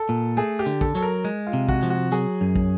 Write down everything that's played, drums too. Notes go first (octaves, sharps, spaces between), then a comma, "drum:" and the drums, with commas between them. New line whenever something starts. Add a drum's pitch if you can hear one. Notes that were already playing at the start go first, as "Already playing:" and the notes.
Already playing: A4
A#2
A3 G#4
G4
D3
A4, drum: kick
F#3 A4
A#4
G#3
F4
C3
F#4, drum: kick
F3
F#4
F#3 G#4
F#2
drum: kick